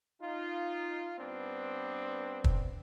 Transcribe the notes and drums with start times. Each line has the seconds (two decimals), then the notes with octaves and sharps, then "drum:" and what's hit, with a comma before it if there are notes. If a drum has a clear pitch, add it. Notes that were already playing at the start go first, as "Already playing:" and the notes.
0.21 D#4 F4
1.18 G2 B3 C4 D4
2.44 drum: kick